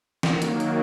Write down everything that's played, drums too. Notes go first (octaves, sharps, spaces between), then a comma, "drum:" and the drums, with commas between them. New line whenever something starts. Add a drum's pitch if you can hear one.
D#3 F#3 A#3, drum: snare
drum: hi-hat
drum: hi-hat